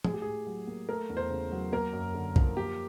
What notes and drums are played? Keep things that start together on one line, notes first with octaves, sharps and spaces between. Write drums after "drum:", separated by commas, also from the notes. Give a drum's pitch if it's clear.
A2 G#4, drum: tom F3
G4
A2 G#4
F#3
A#3
A3 A#4
E2
C5
C#3
F#3
A#3 A#4
F#2
D3
F3, drum: kick
A#3 G4